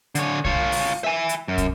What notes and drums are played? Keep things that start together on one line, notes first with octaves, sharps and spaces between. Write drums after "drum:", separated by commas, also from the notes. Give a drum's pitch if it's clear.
D3 C#5, drum: hi-hat
F4 C#5, drum: kick
drum: open hi-hat
E5 G#5
drum: hi-hat
F#2
drum: kick, hi-hat